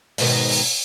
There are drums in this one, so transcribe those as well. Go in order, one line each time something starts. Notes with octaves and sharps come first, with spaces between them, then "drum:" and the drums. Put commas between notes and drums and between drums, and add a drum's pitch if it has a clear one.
G#2 B2 D#3, drum: open hi-hat
drum: open hi-hat